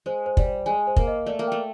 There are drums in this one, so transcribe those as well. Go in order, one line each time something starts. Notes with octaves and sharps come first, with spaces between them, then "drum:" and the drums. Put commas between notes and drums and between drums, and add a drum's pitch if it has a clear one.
G#3 C5
C5
G3, drum: kick
C5
G#3 G#5
C5
A#3, drum: kick
D#5
A3 D5
A#3
A3 G5